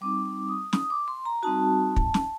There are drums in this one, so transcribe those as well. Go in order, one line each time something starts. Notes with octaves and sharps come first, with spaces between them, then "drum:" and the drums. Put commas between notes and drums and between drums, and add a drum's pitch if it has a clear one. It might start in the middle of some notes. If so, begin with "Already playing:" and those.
G3 C4 D#4 D6
D6
D#6
D#6, drum: snare
D6
C6
A#5
G3 C4 D#4 F#4 A5
drum: kick
drum: snare